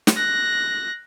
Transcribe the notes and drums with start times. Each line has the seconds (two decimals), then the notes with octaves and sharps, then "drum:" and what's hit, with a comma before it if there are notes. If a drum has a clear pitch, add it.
0.07 drum: snare
0.16 F#6 A#6